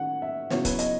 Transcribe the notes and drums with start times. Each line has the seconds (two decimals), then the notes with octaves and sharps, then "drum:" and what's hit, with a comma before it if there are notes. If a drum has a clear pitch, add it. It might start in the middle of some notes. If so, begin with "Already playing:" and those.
Already playing: D#3 C#4 F#5
0.22 E5
0.50 C#3 F#3 B3 E4 C#5, drum: snare
0.65 B4, drum: kick C#1, hi-hat
0.79 D#5, drum: hi-hat